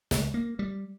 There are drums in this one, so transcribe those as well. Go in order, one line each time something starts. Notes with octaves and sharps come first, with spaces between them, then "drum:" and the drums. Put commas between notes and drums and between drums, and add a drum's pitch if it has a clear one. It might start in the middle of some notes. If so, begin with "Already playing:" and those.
C#2, drum: snare
A#3
G3